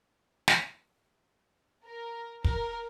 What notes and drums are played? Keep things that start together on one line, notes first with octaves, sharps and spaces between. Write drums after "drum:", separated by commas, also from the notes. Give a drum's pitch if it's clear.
drum: snare
A#4
A#4, drum: kick